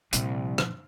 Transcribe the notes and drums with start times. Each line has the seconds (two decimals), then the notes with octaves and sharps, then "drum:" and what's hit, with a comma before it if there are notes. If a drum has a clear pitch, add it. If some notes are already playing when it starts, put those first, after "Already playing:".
0.13 C2 A#2 F3, drum: hi-hat
0.58 drum: rim click